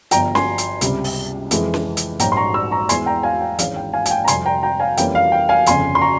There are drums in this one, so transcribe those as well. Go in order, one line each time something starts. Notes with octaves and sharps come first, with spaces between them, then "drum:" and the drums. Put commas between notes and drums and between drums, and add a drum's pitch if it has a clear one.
G1 G2 F3 G5 A#5, drum: hi-hat
G#5 C6, drum: snare C#4
drum: hi-hat
C#2 C3 G3, drum: hi-hat
drum: open hi-hat
F2 E3 G#3, drum: hi-hat
drum: snare C#4
drum: hi-hat
A#1 G#2 G3 C#4 G5 A#5, drum: hi-hat
C6
A#5 C#6
C6 E6
A#5 C#6
E2 E3 G#3 G#5 C6, drum: hi-hat
G5 A#5
F5 G#5
G5
G#1 G#2 E3 G#3 C#4 F5, drum: hi-hat
G5
F5 G#5
G#5, drum: hi-hat
G5
A#5
F2 C3 G3 G#5 C6, drum: hi-hat
G5 A#5
G5 A#5
F5 G#5
F2 E3 G3 A#3 C#4 G5, drum: hi-hat
F5
G5
F5 G#5
G1 F2 C#3 G#5 C6, drum: hi-hat
C6
A#5 C#6